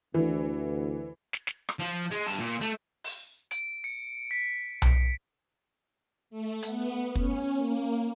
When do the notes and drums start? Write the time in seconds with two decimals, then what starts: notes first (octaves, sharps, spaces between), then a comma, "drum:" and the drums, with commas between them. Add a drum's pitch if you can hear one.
0.14 D2 E3
1.33 drum: snare
1.47 drum: snare
1.69 drum: rim click
1.79 F3
2.11 G#3
2.27 G2 A5
2.40 A#2
2.61 A3
3.04 drum: open hi-hat
3.51 D7, drum: hi-hat
3.84 C#7
4.31 B6
4.82 drum: tom B1
6.30 A3
6.62 B3, drum: hi-hat
7.15 C#4, drum: kick
7.57 A#3